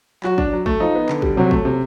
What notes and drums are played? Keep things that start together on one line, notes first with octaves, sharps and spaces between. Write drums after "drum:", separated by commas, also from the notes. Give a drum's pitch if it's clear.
F#3 F#4, drum: clap
D4, drum: kick
F#3
A3, drum: kick
F3 D#4
B3
D3, drum: clap
G3, drum: kick
C3 F#3
A3, drum: kick
C3